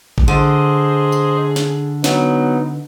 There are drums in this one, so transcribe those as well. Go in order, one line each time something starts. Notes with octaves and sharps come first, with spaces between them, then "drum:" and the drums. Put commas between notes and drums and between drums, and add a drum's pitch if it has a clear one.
drum: kick A1
D3 G#4 C5 D#5
drum: tambourine
drum: snare
F#3 B3 D#4, drum: snare